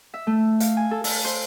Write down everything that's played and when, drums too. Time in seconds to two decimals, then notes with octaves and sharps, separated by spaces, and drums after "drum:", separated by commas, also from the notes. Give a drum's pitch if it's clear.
0.14 E5
0.27 A3
0.60 F5, drum: hi-hat
0.77 G#5
0.91 A4
1.04 A4, drum: open hi-hat
1.25 C5